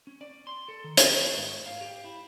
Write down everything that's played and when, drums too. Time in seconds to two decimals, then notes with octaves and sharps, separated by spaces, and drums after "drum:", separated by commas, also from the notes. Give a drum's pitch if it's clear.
0.07 C#4
0.21 D5
0.47 C6
0.68 A4
0.84 D#3
0.97 D#4, drum: hi-hat
1.22 C#5
1.37 G#2
1.66 F5
1.81 G4
2.04 E4